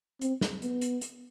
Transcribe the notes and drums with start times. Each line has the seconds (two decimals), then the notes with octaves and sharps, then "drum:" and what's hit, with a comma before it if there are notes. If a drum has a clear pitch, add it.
0.21 C4, drum: hi-hat
0.41 drum: snare
0.62 B3, drum: hi-hat
0.81 drum: hi-hat
1.01 drum: hi-hat